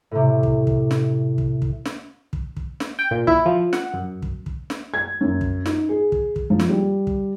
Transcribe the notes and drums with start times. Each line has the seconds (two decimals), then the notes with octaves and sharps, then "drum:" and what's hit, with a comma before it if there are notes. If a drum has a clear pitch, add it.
0.11 A2 C3
0.43 drum: kick
0.67 drum: kick
0.91 drum: snare
1.38 drum: kick
1.62 drum: kick
1.85 drum: snare
2.33 drum: kick
2.57 drum: kick
2.80 drum: snare
2.99 G5
3.11 A#2
3.27 E4, drum: kick
3.46 F3
3.73 F#5, drum: snare
3.94 F#2
4.22 drum: kick
4.46 drum: kick
4.70 drum: snare
4.94 G#6
5.21 F#2
5.41 drum: kick
5.66 D#4, drum: snare
5.89 G#4
6.12 drum: kick
6.36 drum: kick
6.50 F3
6.59 drum: snare
6.69 G3
7.07 drum: kick